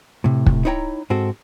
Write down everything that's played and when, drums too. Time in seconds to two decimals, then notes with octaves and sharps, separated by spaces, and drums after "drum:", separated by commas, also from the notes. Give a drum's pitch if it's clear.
0.24 A2 C3
0.46 drum: kick
0.65 D#4 E4 C#5 G5 A#5
1.10 G#2 C4 F#4 A4